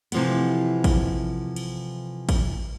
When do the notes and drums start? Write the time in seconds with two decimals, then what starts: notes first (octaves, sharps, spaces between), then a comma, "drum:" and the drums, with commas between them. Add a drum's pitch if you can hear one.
0.12 C3 E3 F3 A3 B3, drum: cymbal
0.84 drum: kick A1, cymbal
1.56 drum: cymbal
2.29 drum: kick A1, cymbal